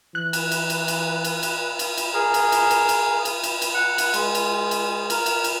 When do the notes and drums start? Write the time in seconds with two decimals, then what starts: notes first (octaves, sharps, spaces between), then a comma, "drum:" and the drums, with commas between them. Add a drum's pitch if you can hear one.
0.15 E3 F#6
0.33 drum: cymbal
0.52 drum: cymbal
0.70 drum: cymbal
0.88 drum: cymbal
1.24 drum: cymbal
1.43 drum: cymbal
1.79 drum: cymbal
1.97 drum: cymbal
2.14 G#4 A#4
2.34 drum: cymbal
2.52 drum: cymbal
2.70 drum: cymbal
2.89 drum: cymbal
3.25 drum: cymbal
3.43 drum: cymbal
3.62 drum: cymbal
3.74 F#5
3.98 drum: cymbal
4.14 G#3, drum: cymbal
4.35 drum: cymbal
4.71 drum: cymbal
5.10 A#4, drum: cymbal
5.26 drum: cymbal
5.44 drum: cymbal